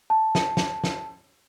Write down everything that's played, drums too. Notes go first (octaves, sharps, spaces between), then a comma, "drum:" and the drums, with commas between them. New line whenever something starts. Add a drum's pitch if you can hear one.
A5
drum: snare
drum: snare
drum: snare